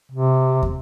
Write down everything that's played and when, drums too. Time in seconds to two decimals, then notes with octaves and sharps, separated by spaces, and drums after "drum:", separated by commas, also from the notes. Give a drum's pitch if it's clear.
0.11 C3
0.62 drum: kick